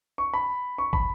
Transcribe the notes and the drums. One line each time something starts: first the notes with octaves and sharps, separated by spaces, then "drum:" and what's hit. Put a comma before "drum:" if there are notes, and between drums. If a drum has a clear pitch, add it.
C#6
B5
C#6
B5, drum: kick